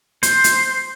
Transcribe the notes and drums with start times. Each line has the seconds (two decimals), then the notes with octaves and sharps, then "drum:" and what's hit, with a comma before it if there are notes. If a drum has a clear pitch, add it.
0.23 C5, drum: hi-hat
0.44 drum: hi-hat